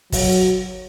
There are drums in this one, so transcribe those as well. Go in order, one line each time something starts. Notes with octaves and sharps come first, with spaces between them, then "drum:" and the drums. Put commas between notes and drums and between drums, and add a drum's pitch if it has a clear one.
F#3, drum: kick, open hi-hat